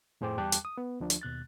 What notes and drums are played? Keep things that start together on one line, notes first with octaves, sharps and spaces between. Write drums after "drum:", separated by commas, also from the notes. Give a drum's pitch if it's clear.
F2 A2 G#4 C5 G5 D6
E2 G3 G5 A5 D6 F#6
drum: hi-hat
D#6
B3
D2 F3 D4
drum: hi-hat
D#2 B2 F#6 A6